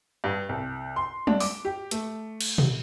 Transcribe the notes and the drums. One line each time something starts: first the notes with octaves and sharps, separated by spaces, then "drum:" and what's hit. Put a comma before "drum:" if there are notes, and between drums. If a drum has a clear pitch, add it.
G2
C2
C6
D4, drum: tom
D6, drum: open hi-hat
G4
A3, drum: hi-hat
drum: cymbal
drum: tom A#2